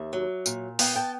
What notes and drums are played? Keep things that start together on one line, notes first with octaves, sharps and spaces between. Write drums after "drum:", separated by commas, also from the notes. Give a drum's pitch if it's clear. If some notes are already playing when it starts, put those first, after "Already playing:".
Already playing: D#2 E5
F#3
A#2, drum: tambourine
B3 F5 G5, drum: open hi-hat
G5 A5